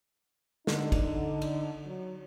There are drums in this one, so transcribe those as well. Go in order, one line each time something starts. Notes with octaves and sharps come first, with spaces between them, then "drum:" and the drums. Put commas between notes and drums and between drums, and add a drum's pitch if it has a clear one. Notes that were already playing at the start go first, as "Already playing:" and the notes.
D3 D#4, drum: snare
drum: kick, cymbal
drum: cymbal
F#3